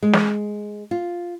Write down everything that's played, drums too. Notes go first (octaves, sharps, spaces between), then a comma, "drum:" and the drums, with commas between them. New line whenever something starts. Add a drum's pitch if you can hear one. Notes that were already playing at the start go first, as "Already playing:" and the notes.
G#3
drum: snare
F4